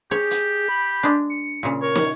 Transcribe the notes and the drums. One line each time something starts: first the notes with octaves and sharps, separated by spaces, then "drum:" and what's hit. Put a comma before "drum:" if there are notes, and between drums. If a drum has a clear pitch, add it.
G4 G#4 C#5
drum: hi-hat
B5
G#3 D4
C#7
A#2 C#3
A#4 C#5
drum: snare